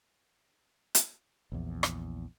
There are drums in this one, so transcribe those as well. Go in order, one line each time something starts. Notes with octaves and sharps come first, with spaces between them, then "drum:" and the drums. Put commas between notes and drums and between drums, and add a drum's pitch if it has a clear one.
drum: hi-hat
A#1 E2
drum: rim click